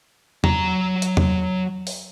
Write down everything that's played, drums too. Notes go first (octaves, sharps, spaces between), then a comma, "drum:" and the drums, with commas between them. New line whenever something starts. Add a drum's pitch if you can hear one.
F#3 A#5, drum: tom E2
drum: hi-hat
drum: tom E2
drum: open hi-hat